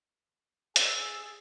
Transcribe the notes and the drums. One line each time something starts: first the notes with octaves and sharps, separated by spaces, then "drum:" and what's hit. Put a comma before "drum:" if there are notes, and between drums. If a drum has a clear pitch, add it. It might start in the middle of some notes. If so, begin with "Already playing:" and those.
G#4 E6 A6 C7, drum: hi-hat